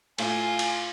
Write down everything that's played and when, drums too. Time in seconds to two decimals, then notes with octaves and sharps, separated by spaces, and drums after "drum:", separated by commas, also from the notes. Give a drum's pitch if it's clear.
0.18 A2 F4 F5 G#5, drum: cymbal
0.59 drum: cymbal